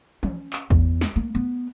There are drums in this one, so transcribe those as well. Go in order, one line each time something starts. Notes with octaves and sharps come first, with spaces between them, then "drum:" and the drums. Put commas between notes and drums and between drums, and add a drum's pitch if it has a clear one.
C#4, drum: tom E3
drum: clap
E2, drum: kick
drum: snare
A#3
B3